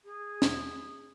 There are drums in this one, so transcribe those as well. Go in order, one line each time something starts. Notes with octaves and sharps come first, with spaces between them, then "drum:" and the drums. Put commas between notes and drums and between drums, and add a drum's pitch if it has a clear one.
G#4
drum: snare